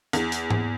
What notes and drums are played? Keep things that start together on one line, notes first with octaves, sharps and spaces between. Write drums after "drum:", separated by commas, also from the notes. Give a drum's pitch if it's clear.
E2, drum: hi-hat
drum: hi-hat
drum: tom G#2